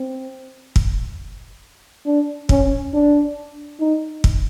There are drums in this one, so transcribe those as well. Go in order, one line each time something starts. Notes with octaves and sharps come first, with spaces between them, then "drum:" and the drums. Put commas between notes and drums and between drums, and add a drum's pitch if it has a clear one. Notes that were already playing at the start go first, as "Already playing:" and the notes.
Already playing: C4
drum: kick
D4
C#4, drum: kick
D4
D#4
drum: kick